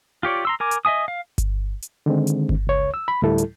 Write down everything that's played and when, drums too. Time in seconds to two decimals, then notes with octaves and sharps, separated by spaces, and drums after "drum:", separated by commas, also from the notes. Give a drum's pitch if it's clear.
0.23 F4 G4 C#5 D5
0.45 A#5 C6 E6
0.60 A#4 G#5 D6
0.71 drum: hi-hat
0.85 D#5 E5 G#5 D#6
1.08 F5
1.38 drum: kick G1, hi-hat
1.82 drum: hi-hat
2.06 D3 D#3 G#3 C4
2.27 drum: hi-hat
2.49 drum: kick G1
2.67 C#2 C#5
2.94 E6
3.08 B5
3.22 D2 A2 G3 E4 A4
3.38 drum: hi-hat